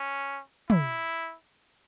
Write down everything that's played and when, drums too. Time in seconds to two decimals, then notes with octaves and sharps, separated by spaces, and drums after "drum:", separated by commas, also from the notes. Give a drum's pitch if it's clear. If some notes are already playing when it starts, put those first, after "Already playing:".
Already playing: C#4
0.70 E4, drum: tom